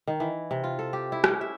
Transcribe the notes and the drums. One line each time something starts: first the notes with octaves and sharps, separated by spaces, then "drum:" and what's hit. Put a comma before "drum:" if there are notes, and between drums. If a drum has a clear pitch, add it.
D#3
E3
C3
F4
A4
G4
E4
C#4, drum: rim click
E5